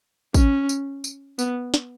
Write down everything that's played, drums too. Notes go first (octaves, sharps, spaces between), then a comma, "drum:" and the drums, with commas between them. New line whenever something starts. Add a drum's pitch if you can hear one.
C#4, drum: kick, tambourine
drum: tambourine
drum: tambourine
B3, drum: tambourine
drum: snare